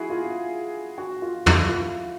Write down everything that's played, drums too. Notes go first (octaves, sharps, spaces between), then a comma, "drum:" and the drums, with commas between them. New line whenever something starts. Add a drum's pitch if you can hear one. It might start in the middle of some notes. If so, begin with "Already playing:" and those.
Already playing: E4 F#4 G#4
F4
F#4
F4
E4, drum: tom
F4